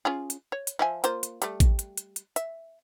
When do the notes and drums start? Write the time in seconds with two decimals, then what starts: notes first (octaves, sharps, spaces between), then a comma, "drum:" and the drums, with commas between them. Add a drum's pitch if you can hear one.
0.05 C#4 F4 G#4
0.30 drum: hi-hat
0.52 C#5
0.67 drum: hi-hat
0.79 F3 E5 G#5
1.04 A#3 F4 C5, drum: hi-hat
1.23 drum: hi-hat
1.42 G3 A3, drum: hi-hat
1.60 drum: kick A1, hi-hat
1.79 drum: hi-hat
1.97 drum: hi-hat
2.16 drum: hi-hat
2.36 E5, drum: hi-hat